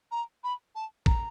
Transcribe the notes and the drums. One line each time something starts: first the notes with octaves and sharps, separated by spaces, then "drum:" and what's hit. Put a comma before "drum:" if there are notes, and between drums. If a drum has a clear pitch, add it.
A#5
B5
A5
A#5, drum: kick A1